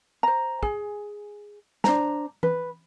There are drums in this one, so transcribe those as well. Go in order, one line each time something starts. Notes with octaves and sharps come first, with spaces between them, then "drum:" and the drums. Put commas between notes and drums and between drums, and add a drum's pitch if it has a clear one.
C5 A#5
G#4, drum: kick
D4 C5 A#5, drum: snare
B4, drum: tom E3